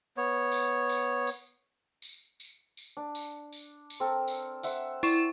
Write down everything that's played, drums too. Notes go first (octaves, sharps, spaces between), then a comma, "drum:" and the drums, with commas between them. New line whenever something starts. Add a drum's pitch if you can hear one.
B3 C#5
drum: tambourine
drum: tambourine
drum: tambourine
drum: tambourine
drum: tambourine
drum: tambourine
D4
drum: tambourine
drum: tambourine
drum: tambourine
C4 A4 A#4
drum: tambourine
C5 E5 F#5, drum: tambourine
E4 D5 C#6 E7, drum: tambourine